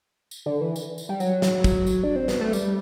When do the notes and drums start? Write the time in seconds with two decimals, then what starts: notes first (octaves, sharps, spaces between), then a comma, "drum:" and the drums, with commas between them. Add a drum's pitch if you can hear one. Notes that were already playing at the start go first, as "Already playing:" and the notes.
0.31 drum: tambourine
0.46 D3
0.61 E3
0.76 drum: tambourine
0.98 drum: tambourine
1.09 G3
1.20 F#3, drum: tambourine
1.42 drum: snare
1.64 drum: kick, tambourine
1.87 drum: tambourine
2.04 D4
2.16 C4
2.28 B3, drum: snare
2.41 A3
2.53 G3, drum: tambourine